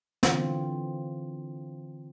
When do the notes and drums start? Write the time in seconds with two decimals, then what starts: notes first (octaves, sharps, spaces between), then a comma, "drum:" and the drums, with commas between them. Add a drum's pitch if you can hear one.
0.23 D3 E3 C4 F4, drum: snare